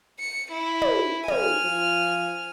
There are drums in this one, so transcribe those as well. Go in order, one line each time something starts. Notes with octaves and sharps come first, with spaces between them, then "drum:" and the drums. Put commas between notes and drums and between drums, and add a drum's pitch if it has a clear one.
C#7
E4
drum: tom
F2 G#5 F6, drum: tom
F3